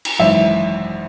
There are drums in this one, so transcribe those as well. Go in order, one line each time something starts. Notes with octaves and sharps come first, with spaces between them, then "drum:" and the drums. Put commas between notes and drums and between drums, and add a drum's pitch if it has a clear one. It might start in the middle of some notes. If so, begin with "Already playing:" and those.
drum: cymbal
G#1 F#2 E3 E5